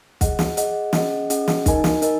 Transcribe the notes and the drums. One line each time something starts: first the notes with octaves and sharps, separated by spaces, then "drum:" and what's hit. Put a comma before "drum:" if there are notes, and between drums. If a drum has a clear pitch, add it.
G#4 D#5 F#5, drum: kick, hi-hat
drum: snare
G#4 D#5 F#5, drum: hi-hat
C#4 G#4 D#5 F#5, drum: snare
C#4 G#4 D#5 F#5, drum: hi-hat
drum: snare
D#4 A#4 D#5 G#5, drum: kick, hi-hat
drum: snare
D#4 A#4 D#5 G#5, drum: hi-hat